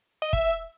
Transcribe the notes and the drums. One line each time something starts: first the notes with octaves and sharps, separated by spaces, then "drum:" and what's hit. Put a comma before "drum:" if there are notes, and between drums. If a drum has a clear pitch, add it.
D#5
E5, drum: kick